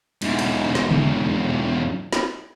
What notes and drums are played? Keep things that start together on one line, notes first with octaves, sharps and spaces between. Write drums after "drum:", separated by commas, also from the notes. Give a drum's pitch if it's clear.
E2 G#2, drum: cymbal
drum: cymbal
drum: snare
drum: tom C#3
drum: snare